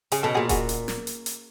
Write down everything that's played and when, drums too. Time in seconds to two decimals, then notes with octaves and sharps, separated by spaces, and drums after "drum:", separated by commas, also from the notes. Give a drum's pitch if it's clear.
0.12 C#3 G#4, drum: hi-hat
0.23 B2 A4
0.34 A#2 F#4 G#4
0.49 F#4 G#4, drum: kick D#1, hi-hat
0.69 drum: hi-hat
0.88 drum: snare
1.07 drum: hi-hat
1.26 drum: hi-hat